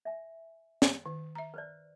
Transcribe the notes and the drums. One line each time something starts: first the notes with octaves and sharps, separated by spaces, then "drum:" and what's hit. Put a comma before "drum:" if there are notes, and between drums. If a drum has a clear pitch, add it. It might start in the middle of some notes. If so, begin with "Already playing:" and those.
E5 G#5
drum: snare
D#3
E5 A#5
B4 C5 D5